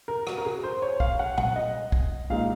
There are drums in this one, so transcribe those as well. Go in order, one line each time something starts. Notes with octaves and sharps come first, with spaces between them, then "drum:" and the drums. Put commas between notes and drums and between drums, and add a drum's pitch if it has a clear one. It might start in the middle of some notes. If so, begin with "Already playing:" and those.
A#4
F#4, drum: rim click
A#4
G#4
C5
C#5
F5, drum: kick
F#5
F#5, drum: tom A#2
D#5
drum: kick
A#2 G#3 D#4 F5